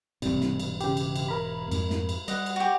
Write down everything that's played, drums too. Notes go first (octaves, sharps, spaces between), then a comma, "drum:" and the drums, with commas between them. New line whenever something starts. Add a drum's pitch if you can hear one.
E1 G#2 C3 G3, drum: cymbal
drum: snare
drum: cymbal
C#3 G4, drum: cymbal
drum: cymbal
drum: cymbal
A#4 B5
F2 G#2 G#3, drum: cymbal
drum: snare
drum: cymbal
G3 D#5 F#5, drum: cymbal
drum: cymbal
F#4 G4